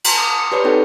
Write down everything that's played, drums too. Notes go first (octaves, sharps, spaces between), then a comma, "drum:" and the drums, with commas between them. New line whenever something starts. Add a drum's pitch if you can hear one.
drum: cymbal
D6 D#6
C#7
G4 B4 C#5 D5 B5
C4 D#4 A4 B4 G5